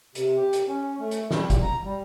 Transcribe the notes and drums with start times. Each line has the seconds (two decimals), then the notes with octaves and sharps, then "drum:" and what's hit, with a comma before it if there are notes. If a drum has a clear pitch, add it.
0.15 C3, drum: hi-hat
0.37 G4
0.53 drum: hi-hat
0.68 C#4
1.00 A3
1.11 drum: hi-hat
1.31 G3, drum: snare
1.50 drum: kick, hi-hat
1.63 A#5
1.84 G3